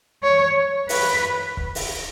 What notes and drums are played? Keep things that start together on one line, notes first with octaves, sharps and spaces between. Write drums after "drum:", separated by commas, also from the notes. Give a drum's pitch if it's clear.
C#5
B4, drum: open hi-hat
drum: kick
drum: open hi-hat